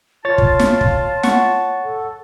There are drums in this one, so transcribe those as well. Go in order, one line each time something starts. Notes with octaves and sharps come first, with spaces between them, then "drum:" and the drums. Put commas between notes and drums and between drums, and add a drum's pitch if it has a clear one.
F4 C#5 A5 A6
drum: kick
drum: snare
drum: kick
F#5 C#6, drum: snare
A4